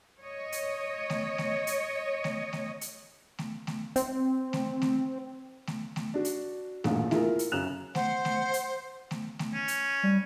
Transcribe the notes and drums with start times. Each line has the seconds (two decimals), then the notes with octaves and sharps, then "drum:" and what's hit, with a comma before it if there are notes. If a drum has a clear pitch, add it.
0.22 C#5 D#5
0.52 drum: hi-hat
1.10 drum: snare A3
1.38 drum: snare A3
1.67 drum: hi-hat
2.24 drum: snare A3
2.53 drum: snare A3
2.81 drum: hi-hat
3.39 drum: snare A3
3.67 drum: snare A3
3.96 C4, drum: hi-hat
4.53 drum: snare A3
4.82 drum: snare A3
5.67 drum: snare A3
5.96 drum: snare A3
6.14 D4 F#4
6.25 drum: hi-hat
6.84 E1 A1 G2 A#2, drum: snare A3
7.11 E4 F4 G#4 A#4, drum: snare A3
7.39 drum: hi-hat
7.52 F#2 C#3 F#6 E7 F7
7.95 C5 F#5, drum: snare A3
8.25 drum: snare A3
8.53 drum: hi-hat
9.11 drum: snare A3
9.39 drum: snare A3
9.54 C#4
9.68 drum: hi-hat
10.03 G3